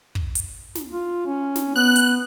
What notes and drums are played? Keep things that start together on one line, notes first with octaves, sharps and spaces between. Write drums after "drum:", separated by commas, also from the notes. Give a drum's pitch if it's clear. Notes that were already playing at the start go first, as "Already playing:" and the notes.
drum: kick
drum: hi-hat
drum: snare
F4
C#4
drum: snare
B3 F#6
drum: hi-hat